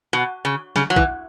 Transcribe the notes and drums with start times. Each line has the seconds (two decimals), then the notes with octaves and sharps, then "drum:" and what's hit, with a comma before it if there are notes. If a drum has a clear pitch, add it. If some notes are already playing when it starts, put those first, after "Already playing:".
0.13 B2
0.45 C#3
0.76 C#3, drum: snare
0.90 F#3
0.96 E3, drum: kick